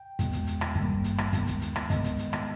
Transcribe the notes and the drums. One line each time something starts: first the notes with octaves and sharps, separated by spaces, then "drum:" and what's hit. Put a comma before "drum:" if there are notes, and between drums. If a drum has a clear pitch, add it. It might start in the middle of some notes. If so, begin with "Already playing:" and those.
Already playing: G5
E2 B2 G#3 B3, drum: kick, hi-hat
drum: hi-hat
drum: hi-hat
drum: rim click
G#1 G2 D#3 G3 A#3, drum: kick
drum: hi-hat
drum: rim click
D#2 D#3 G#3 B3, drum: kick, hi-hat
drum: hi-hat
drum: hi-hat
drum: rim click
G#2 D#3 G#3 B3 D#5, drum: kick, hi-hat
drum: hi-hat
drum: hi-hat
drum: rim click